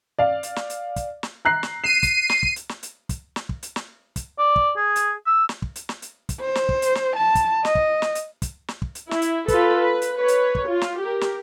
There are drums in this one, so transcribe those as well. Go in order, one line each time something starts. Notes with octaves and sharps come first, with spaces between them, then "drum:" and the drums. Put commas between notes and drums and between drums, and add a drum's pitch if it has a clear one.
D5 F5
drum: hi-hat
drum: snare
drum: hi-hat
drum: kick, hi-hat
drum: snare
A#5 F#6 C7
drum: snare
C7 D#7 E7
drum: kick, hi-hat
drum: snare
drum: kick
drum: hi-hat
drum: snare
drum: hi-hat
drum: kick, hi-hat
drum: snare
drum: kick
drum: hi-hat
drum: snare
drum: kick, hi-hat
D5
drum: kick
G#4
drum: hi-hat
E6
drum: snare
drum: kick
drum: hi-hat
drum: snare
drum: hi-hat
drum: kick, hi-hat
C5
drum: snare
drum: kick
drum: hi-hat
drum: snare
A5
drum: kick, hi-hat
D#5, drum: snare
drum: kick
drum: snare
drum: hi-hat
drum: kick, hi-hat
drum: snare
drum: kick
drum: hi-hat
E4, drum: snare
drum: hi-hat
F4 A4 B4, drum: kick, hi-hat
B4
drum: hi-hat
B4 C#5
drum: hi-hat
drum: kick
F4
drum: snare
G4 A#4
drum: snare